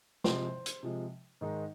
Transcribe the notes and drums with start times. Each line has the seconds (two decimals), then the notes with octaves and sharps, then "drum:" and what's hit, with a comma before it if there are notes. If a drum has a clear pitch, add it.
0.24 C3 F3 G#3 C5 C6, drum: snare
0.66 drum: hi-hat
0.83 C3 F3 G#3
1.41 G#2 D#3 G#3 D#4